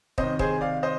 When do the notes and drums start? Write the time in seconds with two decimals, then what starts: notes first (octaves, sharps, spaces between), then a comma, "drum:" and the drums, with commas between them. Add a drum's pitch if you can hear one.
0.18 C3 D#3 C5 D#5, drum: kick
0.39 G#4 C5, drum: kick
0.61 D5 F5
0.83 C5 D#5